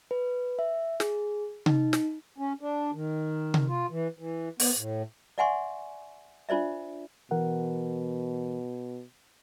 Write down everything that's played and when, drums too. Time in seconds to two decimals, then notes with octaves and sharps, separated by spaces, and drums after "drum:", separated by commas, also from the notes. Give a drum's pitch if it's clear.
0.11 B4
0.59 E5
1.00 G#4, drum: snare
1.66 D#4, drum: tom C3
1.93 drum: snare
2.38 C#4
2.61 D4
2.94 D#3
3.54 drum: tom C3
3.68 F4
3.90 E3
4.19 E3
4.60 B3, drum: open hi-hat
4.77 A2
5.38 D5 E5 F#5 G#5 C6 C#6
6.49 D4 F4 C5 D5 E5
7.31 B2 E3 A#4 F#5